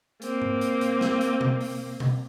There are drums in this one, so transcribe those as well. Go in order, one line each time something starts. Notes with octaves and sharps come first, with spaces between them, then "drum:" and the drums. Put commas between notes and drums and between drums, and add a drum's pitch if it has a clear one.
A#3 C4, drum: hi-hat
drum: tom G#2
drum: hi-hat
drum: hi-hat
drum: snare
drum: hi-hat
drum: tom B2
drum: open hi-hat
drum: tom B2